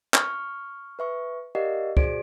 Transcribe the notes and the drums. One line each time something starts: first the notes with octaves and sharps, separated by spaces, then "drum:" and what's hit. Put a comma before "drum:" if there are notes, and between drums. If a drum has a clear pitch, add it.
C#6 F6, drum: clap
B4 E5 C#6
G4 A#4 D5 D#5 F5 F#5
F#4 G#4 C5 D5 D7, drum: kick